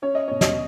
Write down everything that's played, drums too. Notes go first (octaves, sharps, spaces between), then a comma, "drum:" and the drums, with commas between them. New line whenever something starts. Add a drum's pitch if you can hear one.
C#4 C#5
D#5
B2 C#5
D#5, drum: snare